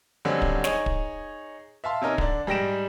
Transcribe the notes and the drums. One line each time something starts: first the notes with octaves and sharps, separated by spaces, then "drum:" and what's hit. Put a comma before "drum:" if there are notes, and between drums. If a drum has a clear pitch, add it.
D3 D#3 F#3 G3 C4 C#4
drum: kick
D#4 G#4 C#5, drum: snare
drum: kick
E5 F5 A5 C6
C3 C#4 D#4 A#4
D3 D4, drum: kick
G#2 G3 G5 A#6 D7 E7